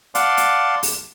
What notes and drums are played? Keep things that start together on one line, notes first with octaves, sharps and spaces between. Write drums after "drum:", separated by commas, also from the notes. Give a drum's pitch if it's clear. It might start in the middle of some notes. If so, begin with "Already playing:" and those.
D5 F5 F#5 A5 C6 D6, drum: hi-hat
drum: hi-hat
drum: open hi-hat